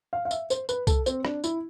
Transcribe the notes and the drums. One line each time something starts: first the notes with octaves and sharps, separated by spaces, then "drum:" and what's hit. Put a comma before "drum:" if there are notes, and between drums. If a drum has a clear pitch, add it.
F5
F5
E5, drum: tambourine
C5, drum: tambourine
B4, drum: tambourine
A4, drum: kick C2, tambourine
C4, drum: tambourine
D4, drum: rim click
E4, drum: tambourine